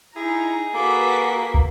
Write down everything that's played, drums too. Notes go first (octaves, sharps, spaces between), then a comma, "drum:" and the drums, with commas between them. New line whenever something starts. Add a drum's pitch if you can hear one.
D#4 E4 G#4 A#5
A#3 F#4 A4 B4 D6 B6
drum: kick